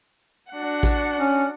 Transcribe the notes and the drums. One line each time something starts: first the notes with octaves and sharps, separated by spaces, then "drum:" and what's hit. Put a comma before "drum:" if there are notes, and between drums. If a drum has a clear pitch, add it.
D4 F#4 F#5
drum: kick A1, hi-hat
C#4